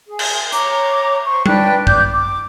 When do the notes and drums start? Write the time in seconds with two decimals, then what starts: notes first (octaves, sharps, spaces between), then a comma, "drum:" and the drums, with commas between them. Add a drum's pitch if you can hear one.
0.06 G#4
0.19 drum: cymbal
0.52 C#5 A#5 D6, drum: hi-hat
1.25 C5 C#6
1.46 D4 B4 G5 F#6, drum: tom G3
1.87 D5 D6 G6, drum: kick
2.12 D6